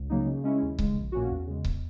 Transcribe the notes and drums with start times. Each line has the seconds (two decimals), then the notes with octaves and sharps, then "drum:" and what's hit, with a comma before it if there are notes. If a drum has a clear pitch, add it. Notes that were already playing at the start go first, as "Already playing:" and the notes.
Already playing: C#2
0.09 C#3 F#3 A#3 D#4
0.27 C#3
0.44 G#3 C#4 E4
0.62 D#2
0.79 C#3 G#3, drum: kick C#1
0.96 A#1
1.12 A#2 A#3 C#4 F#4
1.30 E2
1.47 C#3 G#3
1.65 E2, drum: kick C#1